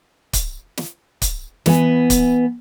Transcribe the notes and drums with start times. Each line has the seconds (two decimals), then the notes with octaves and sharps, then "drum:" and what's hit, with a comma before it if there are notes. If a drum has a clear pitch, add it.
0.33 drum: kick C#1, hi-hat
0.77 drum: snare
1.22 drum: kick C#1, hi-hat
1.66 E3 B3 G#5, drum: snare
2.10 drum: kick C#1, hi-hat